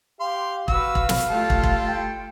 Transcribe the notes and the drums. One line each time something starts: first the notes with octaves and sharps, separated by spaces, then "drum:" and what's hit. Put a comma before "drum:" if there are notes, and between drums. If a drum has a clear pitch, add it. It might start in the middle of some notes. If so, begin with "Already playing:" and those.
G4 F5 C6
F#4 B4 F5 E6, drum: kick
drum: kick
drum: snare
G3 A3 F4 A4
drum: kick
drum: kick
G5